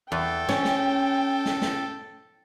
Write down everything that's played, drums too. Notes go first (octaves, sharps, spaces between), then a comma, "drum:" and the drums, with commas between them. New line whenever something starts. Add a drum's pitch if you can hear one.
E2 A4 G5
C#4, drum: snare
drum: snare
drum: snare
drum: snare